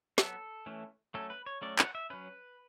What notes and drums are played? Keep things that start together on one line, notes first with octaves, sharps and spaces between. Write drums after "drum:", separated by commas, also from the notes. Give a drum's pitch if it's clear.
F#3 B3 A4, drum: snare
E3 A3 C#4
F#3 A3 C#4 A4
B4
C#5
F#3 A3 C#4 D5
F#5, drum: clap
E5
F#3 C#4 B4